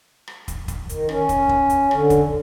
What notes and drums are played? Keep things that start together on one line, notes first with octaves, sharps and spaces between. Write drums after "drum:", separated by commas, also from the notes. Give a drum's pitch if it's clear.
drum: rim click
drum: kick, hi-hat
drum: kick, hi-hat
D#3, drum: hi-hat
C#4, drum: rim click
drum: kick, hi-hat
drum: kick
drum: hi-hat
D3, drum: rim click
drum: kick, hi-hat